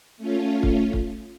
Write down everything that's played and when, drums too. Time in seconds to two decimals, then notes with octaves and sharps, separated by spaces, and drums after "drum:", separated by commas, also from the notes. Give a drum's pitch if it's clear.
0.17 A3 C#4 F4
0.63 drum: kick
0.93 drum: kick